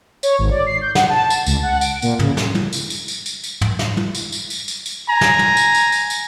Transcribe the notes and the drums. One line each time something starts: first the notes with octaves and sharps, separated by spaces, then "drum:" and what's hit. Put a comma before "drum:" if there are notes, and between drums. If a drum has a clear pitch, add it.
C#5, drum: tambourine
G#1
D5
C7
G6
F#5, drum: snare
A5
drum: tambourine
C#2, drum: tambourine
F#5
D7, drum: tambourine
A#2, drum: tambourine
C#3, drum: tom
drum: snare
drum: tom
drum: tambourine
drum: tambourine
drum: tambourine
drum: tambourine
drum: tambourine
drum: tom
drum: snare
drum: tom
drum: tambourine
drum: tambourine
drum: tambourine
drum: tambourine
drum: tambourine
G#5 A#5
drum: snare
drum: tom
drum: tambourine
drum: tambourine
drum: tambourine
drum: tambourine